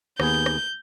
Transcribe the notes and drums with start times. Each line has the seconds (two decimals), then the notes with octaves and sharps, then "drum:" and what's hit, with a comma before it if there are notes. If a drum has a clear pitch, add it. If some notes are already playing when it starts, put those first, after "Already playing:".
0.20 D#2 B3 G#4 G6, drum: rim click
0.46 drum: rim click